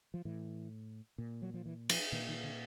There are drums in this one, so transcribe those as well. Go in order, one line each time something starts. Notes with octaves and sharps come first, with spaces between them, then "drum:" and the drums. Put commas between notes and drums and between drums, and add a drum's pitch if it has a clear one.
F3
A2 E3
A#2
F#3
F3
E3
F3, drum: cymbal
A#2 D#3
D#3
D3